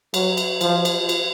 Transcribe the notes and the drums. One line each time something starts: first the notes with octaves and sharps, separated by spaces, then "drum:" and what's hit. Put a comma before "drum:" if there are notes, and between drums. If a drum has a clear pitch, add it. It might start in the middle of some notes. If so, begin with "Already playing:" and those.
F#3, drum: cymbal
drum: cymbal
F3, drum: cymbal
drum: cymbal
drum: cymbal